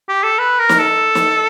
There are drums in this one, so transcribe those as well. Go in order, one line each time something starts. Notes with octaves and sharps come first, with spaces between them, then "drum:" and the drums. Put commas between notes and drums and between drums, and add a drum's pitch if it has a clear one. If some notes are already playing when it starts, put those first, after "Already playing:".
G4
A4
B4
A#4
drum: snare
A4
drum: snare